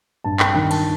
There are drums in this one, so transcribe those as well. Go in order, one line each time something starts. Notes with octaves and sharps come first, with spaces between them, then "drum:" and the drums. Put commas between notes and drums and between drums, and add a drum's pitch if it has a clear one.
G2 A5
G5, drum: clap
D#3 G5
A5, drum: cymbal